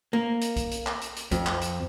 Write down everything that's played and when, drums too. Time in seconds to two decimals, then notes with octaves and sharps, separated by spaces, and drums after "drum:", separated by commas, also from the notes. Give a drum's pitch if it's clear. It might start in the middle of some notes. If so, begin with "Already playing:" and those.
0.13 A#3
0.41 drum: hi-hat
0.56 drum: kick B1, hi-hat
0.71 drum: hi-hat
0.86 drum: clap
1.01 drum: hi-hat
1.16 drum: hi-hat
1.31 F2, drum: kick B1, hi-hat
1.46 drum: clap
1.61 drum: hi-hat